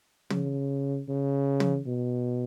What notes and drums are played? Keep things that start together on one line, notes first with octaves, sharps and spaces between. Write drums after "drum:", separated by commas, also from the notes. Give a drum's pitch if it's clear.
C#3, drum: tom
C#3
drum: tom
B2